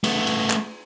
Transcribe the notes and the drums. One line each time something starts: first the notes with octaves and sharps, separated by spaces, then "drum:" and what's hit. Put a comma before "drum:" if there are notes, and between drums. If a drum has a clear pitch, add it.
A3 B3, drum: cymbal
drum: cymbal
drum: clap